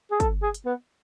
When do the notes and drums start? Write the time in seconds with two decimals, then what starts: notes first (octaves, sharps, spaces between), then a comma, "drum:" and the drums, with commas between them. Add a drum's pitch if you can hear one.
0.11 G#4
0.20 A4, drum: kick, hi-hat
0.42 G#4
0.54 drum: hi-hat
0.66 B3